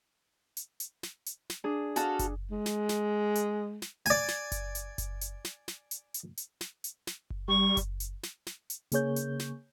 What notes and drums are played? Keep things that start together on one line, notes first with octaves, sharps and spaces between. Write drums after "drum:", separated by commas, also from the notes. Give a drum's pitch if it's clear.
drum: hi-hat
drum: hi-hat
drum: snare
drum: hi-hat
drum: snare
D4 G#4
F#4 A4 F5, drum: hi-hat
drum: kick F#1, hi-hat
G#3
drum: snare
drum: snare
drum: hi-hat
drum: snare
D5 G#5, drum: hi-hat
drum: snare
drum: kick F#1, hi-hat
drum: hi-hat
drum: kick F#1, hi-hat
drum: hi-hat
drum: snare
drum: snare
drum: hi-hat
drum: hi-hat
drum: hi-hat
drum: snare
drum: hi-hat
drum: snare
drum: kick F#1
G3 C#6
drum: kick F#1, hi-hat
drum: hi-hat
drum: snare
drum: snare
drum: hi-hat
C#3 A#3 G#4 C#5 G6, drum: hi-hat
drum: hi-hat
drum: snare